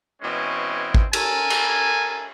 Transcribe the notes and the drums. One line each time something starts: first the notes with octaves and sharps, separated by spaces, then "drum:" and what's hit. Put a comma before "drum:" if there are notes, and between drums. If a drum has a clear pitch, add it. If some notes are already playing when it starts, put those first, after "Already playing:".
B2 E3 G#3 C4 C#4
drum: kick
A4 A#4 G#5, drum: cymbal
drum: cymbal